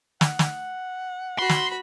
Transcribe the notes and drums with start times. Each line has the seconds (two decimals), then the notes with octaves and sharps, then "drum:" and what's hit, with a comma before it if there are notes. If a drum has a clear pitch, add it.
0.21 F#5, drum: snare
0.39 drum: snare
1.39 F#4 B5 C6
1.49 drum: snare